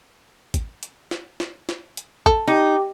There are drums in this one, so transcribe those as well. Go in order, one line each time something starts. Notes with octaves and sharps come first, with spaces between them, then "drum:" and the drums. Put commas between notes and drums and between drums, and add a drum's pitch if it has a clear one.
drum: kick G#1, hi-hat
drum: hi-hat
drum: snare
drum: snare
drum: snare
drum: hi-hat
A4, drum: kick G#1
D#4 G4 G5 D6